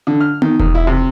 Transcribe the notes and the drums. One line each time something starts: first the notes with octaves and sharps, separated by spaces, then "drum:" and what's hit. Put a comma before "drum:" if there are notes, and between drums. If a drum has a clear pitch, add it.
D3
F6
D#3, drum: tom B3
D#3, drum: kick E1
E4
C3